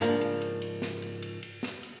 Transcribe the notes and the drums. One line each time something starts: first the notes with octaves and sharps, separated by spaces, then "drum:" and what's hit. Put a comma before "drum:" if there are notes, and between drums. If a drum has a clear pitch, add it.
G#2 C#3 F3 A#3 D4
drum: cymbal
drum: cymbal
drum: cymbal
drum: snare
drum: cymbal
drum: cymbal
drum: cymbal
drum: snare
drum: cymbal